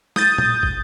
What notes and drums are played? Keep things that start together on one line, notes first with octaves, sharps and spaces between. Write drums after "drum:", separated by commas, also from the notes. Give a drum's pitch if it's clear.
D#6 G6 A6, drum: snare G#3
drum: tom
drum: kick